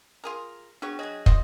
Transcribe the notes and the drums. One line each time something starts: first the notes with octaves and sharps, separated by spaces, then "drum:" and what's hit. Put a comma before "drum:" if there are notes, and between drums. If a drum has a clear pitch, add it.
F4 G#4 A#4
B3 D4 F#4 G#4 C#5
F#3 G#4 C#5 D#5 A#6
C4 F4 D#5, drum: kick